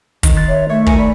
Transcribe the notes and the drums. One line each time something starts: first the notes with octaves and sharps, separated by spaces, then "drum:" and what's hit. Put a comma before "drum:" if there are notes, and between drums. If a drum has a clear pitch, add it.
D#3, drum: kick, hi-hat
C6 F#6 A6
C#5 E5
A3 C#5 E5
A#4 G#5 C#7, drum: kick
D5 B5